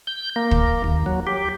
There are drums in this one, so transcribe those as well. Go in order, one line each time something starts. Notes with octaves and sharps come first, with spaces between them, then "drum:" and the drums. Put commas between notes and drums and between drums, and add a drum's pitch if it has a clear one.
G6
A#3
drum: kick
D#2
F#3
G4